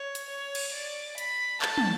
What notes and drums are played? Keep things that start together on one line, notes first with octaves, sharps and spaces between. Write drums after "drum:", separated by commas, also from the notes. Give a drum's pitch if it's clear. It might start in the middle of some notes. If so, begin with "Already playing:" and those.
Already playing: C#5
drum: hi-hat
C#5
drum: cymbal
D5
B5, drum: hi-hat
A5, drum: clap
drum: tom